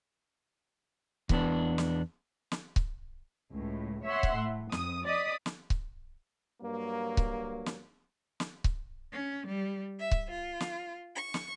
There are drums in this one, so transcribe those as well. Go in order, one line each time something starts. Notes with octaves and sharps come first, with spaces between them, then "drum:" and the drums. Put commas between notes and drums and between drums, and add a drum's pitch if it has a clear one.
E2 B3 D4, drum: kick C#1
drum: snare
drum: snare
drum: kick C#1
C#2 A2
C#5 E5 F#5 C6
drum: kick C#1
A2
F2 D#6, drum: snare
D5 D#5 D#6 B6
drum: snare
drum: kick C#1
G2 F#3 A#3
drum: kick C#1
drum: snare
drum: snare
drum: kick C#1
C#4
G3
E5
drum: kick C#1
F4
drum: snare
C#6
drum: snare